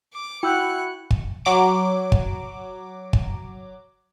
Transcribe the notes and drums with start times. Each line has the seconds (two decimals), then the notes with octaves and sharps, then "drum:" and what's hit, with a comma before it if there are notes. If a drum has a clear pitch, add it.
0.14 D6
0.43 E4 F#4 F#5 G5 E6 F#6 G6 C#7
1.11 drum: kick
1.45 F#3 D6 D7
2.12 drum: kick
3.13 drum: kick